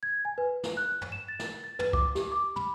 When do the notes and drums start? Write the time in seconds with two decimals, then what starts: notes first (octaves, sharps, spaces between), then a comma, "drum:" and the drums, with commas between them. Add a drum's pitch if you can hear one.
0.03 G#6
0.25 G#5
0.38 B4
0.63 drum: snare
0.77 F#6
1.01 drum: tom
1.12 E7
1.28 A6
1.39 drum: snare
1.64 A6
1.79 B4, drum: tom
1.93 D6, drum: kick
2.15 G4, drum: snare
2.32 D6
2.56 B5, drum: tom